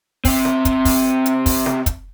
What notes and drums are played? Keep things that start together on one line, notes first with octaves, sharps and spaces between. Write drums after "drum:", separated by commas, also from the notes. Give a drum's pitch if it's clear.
C3 C4, drum: kick, open hi-hat
drum: snare
drum: kick, hi-hat
drum: kick, open hi-hat
drum: hi-hat
drum: kick, open hi-hat
drum: snare
drum: kick, hi-hat